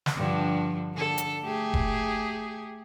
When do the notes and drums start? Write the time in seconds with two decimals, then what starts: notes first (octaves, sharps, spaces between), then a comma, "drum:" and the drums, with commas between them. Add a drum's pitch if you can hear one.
0.06 drum: snare
0.17 G2 D3 F3
0.94 D3 A4
1.18 drum: hi-hat
1.44 A3 G4 G#4
1.74 drum: kick F1